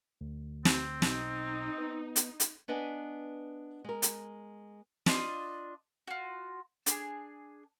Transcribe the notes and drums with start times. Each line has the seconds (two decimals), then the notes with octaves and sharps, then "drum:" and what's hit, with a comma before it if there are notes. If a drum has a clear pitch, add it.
0.21 D2
0.65 C4, drum: snare
1.02 B1 D#4, drum: snare
1.78 B3
2.16 drum: hi-hat
2.40 drum: hi-hat
2.68 B3 D4 B4 D#5 G#5
3.84 G#3 A#4
4.02 drum: hi-hat
5.06 D4 F4 D#5 D6, drum: snare
6.08 F4 F#4
6.86 D4 G#4, drum: hi-hat